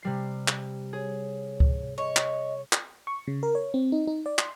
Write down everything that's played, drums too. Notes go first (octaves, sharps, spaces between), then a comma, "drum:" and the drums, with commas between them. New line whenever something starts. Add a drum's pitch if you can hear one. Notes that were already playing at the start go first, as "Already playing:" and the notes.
C3 G3 C7
drum: clap
G#4 C#5
drum: kick C#2
C#5 D#5
drum: clap
drum: clap
C#6
C#3
A#4
C#5
C4
D#4
D#4
D5
C6, drum: clap